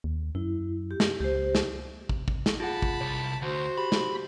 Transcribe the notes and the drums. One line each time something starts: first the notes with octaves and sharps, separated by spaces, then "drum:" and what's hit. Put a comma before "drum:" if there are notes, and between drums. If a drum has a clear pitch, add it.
D#2
F#2 E4
G4
drum: snare
C#2 G4 C5
drum: snare
drum: kick
drum: kick
drum: snare
F4 G#4 F#5 A5 B5
drum: kick
C2 C#5
D2 F#4 C5
G4 B5
drum: snare